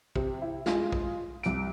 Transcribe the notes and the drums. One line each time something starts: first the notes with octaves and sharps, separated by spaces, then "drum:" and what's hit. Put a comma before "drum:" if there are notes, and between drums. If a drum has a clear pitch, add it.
C3, drum: kick
E4
G#3 F4 G#4, drum: snare
drum: kick
C2 D7, drum: hi-hat